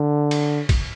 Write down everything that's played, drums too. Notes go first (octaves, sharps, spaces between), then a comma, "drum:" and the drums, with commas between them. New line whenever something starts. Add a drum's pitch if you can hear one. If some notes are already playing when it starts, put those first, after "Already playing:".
Already playing: D3
drum: cymbal
drum: kick, cymbal